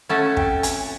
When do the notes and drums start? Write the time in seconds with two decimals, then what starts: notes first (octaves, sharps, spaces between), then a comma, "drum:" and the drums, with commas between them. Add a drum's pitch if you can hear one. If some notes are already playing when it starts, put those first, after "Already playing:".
0.09 A3 C#4 E4 A4 F#5
0.37 G5, drum: kick
0.63 G#5, drum: hi-hat